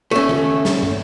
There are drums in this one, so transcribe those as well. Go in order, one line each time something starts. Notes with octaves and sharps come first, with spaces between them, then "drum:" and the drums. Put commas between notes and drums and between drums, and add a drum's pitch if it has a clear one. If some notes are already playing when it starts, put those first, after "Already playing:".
A3 C#4
drum: tom D#3
drum: snare
drum: tom